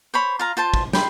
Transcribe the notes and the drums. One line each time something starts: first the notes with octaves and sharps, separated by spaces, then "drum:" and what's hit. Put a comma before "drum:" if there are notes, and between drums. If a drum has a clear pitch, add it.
C5 C#5 B5
F4 F5 A#5
F4 C5 A5
drum: kick
G5 B5 C6, drum: snare